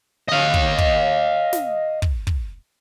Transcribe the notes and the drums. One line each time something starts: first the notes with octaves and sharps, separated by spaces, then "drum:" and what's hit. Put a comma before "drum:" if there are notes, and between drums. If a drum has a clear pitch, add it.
D#5 F5
drum: kick
drum: kick
drum: snare
drum: kick
drum: kick